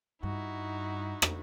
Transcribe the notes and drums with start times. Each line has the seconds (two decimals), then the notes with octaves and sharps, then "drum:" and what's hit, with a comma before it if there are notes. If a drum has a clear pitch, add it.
0.23 G2 D#4 E4 F#4
1.22 drum: rim click